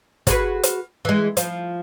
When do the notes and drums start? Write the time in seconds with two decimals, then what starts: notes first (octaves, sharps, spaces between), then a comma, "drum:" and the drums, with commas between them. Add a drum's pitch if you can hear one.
0.27 F#4 G#4 B4, drum: kick, hi-hat
0.63 drum: hi-hat
1.05 E3 G#3
1.37 F3, drum: hi-hat